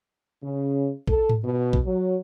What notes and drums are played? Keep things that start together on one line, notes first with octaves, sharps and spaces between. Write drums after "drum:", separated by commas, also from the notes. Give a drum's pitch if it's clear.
C#3
A4, drum: kick
drum: tom G#2
B2
drum: kick
F#3